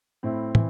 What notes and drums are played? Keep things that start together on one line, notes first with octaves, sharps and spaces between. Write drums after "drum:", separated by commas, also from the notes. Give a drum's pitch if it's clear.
A2 C4 E4
E3, drum: tom